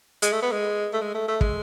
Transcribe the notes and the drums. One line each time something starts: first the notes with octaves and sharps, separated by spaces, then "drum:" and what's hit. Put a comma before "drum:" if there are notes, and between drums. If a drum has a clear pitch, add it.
G#3, drum: hi-hat
A3
B3
G#3
A3
G#3
A3
A3
G#3, drum: kick